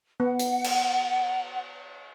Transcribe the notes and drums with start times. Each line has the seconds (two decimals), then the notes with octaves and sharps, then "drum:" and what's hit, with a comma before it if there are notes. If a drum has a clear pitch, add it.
0.20 B3 F#5
0.39 drum: hi-hat
0.64 drum: cymbal